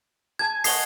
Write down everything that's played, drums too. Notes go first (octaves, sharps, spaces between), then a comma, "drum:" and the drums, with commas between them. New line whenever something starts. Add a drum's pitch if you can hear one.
G#5 A5 G#6
D#5 F#5 C#6 C7 G7, drum: open hi-hat